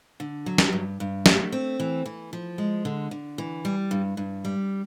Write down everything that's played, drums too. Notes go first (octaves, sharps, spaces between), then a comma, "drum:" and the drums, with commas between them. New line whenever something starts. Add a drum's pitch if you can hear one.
D3
F#3
drum: snare
G2
G2
A3, drum: snare
C4
E3
E3
F3
G#3
D3
D3
E3
G3
G2
G2
G3